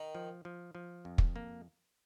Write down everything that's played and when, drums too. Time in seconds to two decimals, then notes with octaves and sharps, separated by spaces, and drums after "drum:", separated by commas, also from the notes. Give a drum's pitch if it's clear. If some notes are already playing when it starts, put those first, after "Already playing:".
Already playing: D#3
0.15 F3
0.45 F3
0.75 F3
1.05 F2
1.18 drum: kick
1.36 A#3